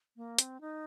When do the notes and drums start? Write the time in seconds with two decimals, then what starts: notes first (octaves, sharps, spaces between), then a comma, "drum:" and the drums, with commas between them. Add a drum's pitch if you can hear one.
0.16 A#3
0.39 C4, drum: hi-hat
0.61 D#4